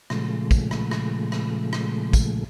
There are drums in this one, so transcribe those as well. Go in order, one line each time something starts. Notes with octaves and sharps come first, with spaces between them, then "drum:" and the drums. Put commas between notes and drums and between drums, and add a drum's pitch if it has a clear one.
A#2 C#3 F3 G#3 A3, drum: rim click
drum: kick, tambourine
drum: rim click
drum: rim click
drum: rim click
drum: rim click
drum: kick, tambourine